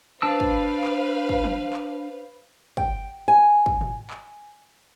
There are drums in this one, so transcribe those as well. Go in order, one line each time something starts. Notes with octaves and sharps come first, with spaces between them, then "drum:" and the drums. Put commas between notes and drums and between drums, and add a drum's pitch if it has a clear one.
D4 B4 C5 F5 A5 E6
drum: kick
drum: clap
drum: kick
drum: tom
drum: clap
G5, drum: kick
G#5
drum: kick
drum: tom
drum: clap